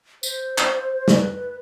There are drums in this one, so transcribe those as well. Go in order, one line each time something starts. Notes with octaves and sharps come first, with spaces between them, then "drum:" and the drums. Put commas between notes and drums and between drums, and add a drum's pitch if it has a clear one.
C5, drum: tambourine
drum: clap
drum: snare
B4